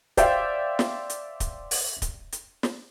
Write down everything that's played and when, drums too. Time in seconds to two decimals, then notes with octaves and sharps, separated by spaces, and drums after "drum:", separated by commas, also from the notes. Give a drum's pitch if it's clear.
0.17 C5 D5 E5 F5 G5, drum: kick D1, hi-hat
0.79 drum: snare
1.10 drum: hi-hat
1.40 drum: kick D1, hi-hat
1.71 drum: open hi-hat
2.02 drum: kick D1, hi-hat
2.32 drum: hi-hat
2.63 drum: snare